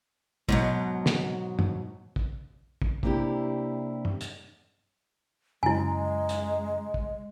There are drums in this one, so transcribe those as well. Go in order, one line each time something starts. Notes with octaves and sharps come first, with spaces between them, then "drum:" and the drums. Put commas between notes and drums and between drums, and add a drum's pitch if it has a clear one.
G#2 B2 F#3, drum: kick
drum: snare
drum: tom
drum: kick
drum: kick
C3 A#3 D4 E4 G4, drum: kick
drum: tom
drum: hi-hat
F#2 C#3 G#3 E4 G#5 A#5
drum: hi-hat
drum: kick